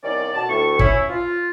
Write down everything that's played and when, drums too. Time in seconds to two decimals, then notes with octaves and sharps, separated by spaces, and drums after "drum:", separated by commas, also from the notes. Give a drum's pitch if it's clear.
0.03 C2 D#3 C#4 D5
0.34 B2 A5
0.49 D2 A2 C#6
0.79 C#4 E4, drum: kick
1.09 F4